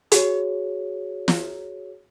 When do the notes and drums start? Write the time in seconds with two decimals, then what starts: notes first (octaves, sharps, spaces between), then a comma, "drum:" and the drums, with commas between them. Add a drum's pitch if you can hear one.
0.12 F#4 G#4 C#5, drum: hi-hat
1.28 drum: snare